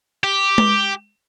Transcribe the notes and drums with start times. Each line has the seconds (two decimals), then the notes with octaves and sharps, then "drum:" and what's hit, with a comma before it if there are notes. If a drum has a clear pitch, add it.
0.24 G4
0.58 drum: tom G#3